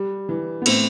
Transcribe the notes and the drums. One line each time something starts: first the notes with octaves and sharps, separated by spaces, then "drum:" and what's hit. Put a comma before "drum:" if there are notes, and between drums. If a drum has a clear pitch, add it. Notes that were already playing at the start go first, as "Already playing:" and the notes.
Already playing: G3
E3
B3
A2 C4, drum: cymbal